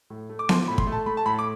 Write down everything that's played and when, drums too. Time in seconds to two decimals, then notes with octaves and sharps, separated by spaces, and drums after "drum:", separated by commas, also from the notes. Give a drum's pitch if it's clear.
0.10 A2
0.29 A3
0.39 D6
0.49 F3 C6, drum: snare B3
0.68 A2 B5
0.78 C6, drum: kick
0.87 A3
0.92 A5
1.06 A3 B5
1.17 A5
1.26 A2 B5
1.39 D6